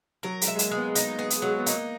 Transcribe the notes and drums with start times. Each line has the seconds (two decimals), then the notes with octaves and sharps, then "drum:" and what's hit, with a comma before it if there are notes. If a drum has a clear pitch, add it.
0.23 F#3 A#4
0.41 G#3, drum: hi-hat
0.47 E5
0.55 G#3
0.59 A#3, drum: hi-hat
0.71 G#3 B3
0.95 D#4, drum: hi-hat
1.18 B3 G#4
1.30 drum: hi-hat
1.42 F#3 G#3
1.59 B3
1.66 A#3 D#4, drum: hi-hat